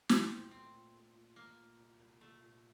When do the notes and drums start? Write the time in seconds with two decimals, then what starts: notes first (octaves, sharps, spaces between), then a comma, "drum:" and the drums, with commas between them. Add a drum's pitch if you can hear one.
0.09 A#2 C4, drum: snare
0.30 A3
0.51 A3 C4
0.73 A#2
0.93 A3
1.15 A#2
1.36 A#2 A#3
1.58 A#2
1.79 C2
2.00 C2
2.21 A#2 A3
2.42 A#2